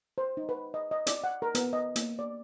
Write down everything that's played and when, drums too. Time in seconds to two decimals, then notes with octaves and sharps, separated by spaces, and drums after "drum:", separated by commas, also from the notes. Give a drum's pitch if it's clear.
0.18 C5
0.37 D#4
0.49 B4
0.74 D#5
0.91 D#5
1.07 D5, drum: hi-hat
1.24 F#5
1.42 A#4
1.55 B3, drum: hi-hat
1.73 D#5
1.96 A#3, drum: hi-hat
2.19 D5